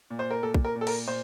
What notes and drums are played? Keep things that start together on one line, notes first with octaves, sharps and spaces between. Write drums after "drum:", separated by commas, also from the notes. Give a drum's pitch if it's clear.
A#2
C5
A#4
A#2 A4
drum: kick
A#4
A#2
A4
A#4, drum: cymbal
A#2 C5